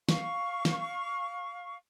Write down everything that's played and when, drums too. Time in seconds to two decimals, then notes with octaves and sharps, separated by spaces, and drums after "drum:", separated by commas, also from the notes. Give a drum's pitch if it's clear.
0.09 F5 C#6, drum: snare
0.65 drum: snare